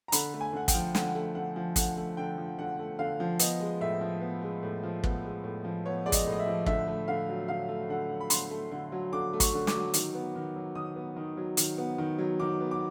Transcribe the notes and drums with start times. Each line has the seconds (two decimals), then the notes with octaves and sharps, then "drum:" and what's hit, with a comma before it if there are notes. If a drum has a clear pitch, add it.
0.08 A#5
0.12 D3 B5, drum: hi-hat
0.34 A3
0.41 G#5
0.53 D3 F#5
0.68 G5, drum: kick, hi-hat
0.74 F3
0.95 D3 F#5, drum: snare
1.15 A3
1.35 D3 F#5
1.56 F3
1.76 D3 F#5, drum: kick, hi-hat
1.97 A3
2.17 D3 G5
2.38 F3
2.59 D3 F#5
2.79 A3
2.99 D3 F5
3.20 F3
3.39 B3 D#5, drum: hi-hat
3.60 G#3
3.81 A2 E5
4.01 F3
4.21 B3
4.41 G#3
4.63 A2
4.83 F3
5.04 B3, drum: kick
5.24 G#3
5.44 A2
5.64 F3
5.86 B3 C#5
6.06 G#3 D5
6.12 D#5, drum: kick, hi-hat
6.26 A2
6.32 D#5
6.40 E5
6.46 F3
6.66 D3 E5, drum: kick
6.88 A3
7.08 D3 F5
7.29 F#3
7.48 D3 F5
7.69 A3
7.89 D3 F#5
8.10 F#3
8.20 B5
8.30 D3 C6, drum: hi-hat
8.51 A3
8.71 D3
8.92 F#3
9.12 D3 D6
9.33 A3
9.40 C#6, drum: kick, hi-hat
9.54 D3
9.67 D6, drum: snare
9.74 F#3
9.94 D#3, drum: hi-hat
10.15 B3
10.36 D#3
10.56 F#3
10.75 D#3 D#6
10.96 B3
11.16 D#3
11.37 F#3
11.57 D#3, drum: hi-hat
11.78 B3
11.98 D#3
12.18 F#3
12.40 D#3 D6
12.61 B3
12.71 D6